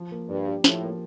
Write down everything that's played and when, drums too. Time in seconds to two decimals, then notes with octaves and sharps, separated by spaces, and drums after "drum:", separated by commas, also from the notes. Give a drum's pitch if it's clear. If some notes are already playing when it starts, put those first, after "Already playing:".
Already playing: F3
0.12 A#3
0.29 G2 D4
0.47 G4
0.64 A2 F3, drum: snare
0.83 A#3